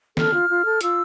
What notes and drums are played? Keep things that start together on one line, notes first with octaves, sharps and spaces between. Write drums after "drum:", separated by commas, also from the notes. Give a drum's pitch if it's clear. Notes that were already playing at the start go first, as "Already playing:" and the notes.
A4 F6, drum: snare
F4
F4
A4
F4 E6, drum: hi-hat